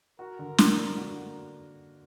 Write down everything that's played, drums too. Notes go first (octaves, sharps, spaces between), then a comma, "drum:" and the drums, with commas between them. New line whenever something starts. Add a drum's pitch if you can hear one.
F#4 A#4
D3
A#3, drum: snare
D4
F#4